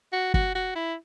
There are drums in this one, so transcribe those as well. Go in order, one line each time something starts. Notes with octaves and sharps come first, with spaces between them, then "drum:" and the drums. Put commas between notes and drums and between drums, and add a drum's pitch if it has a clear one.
F#4
F#4, drum: kick
F#4
E4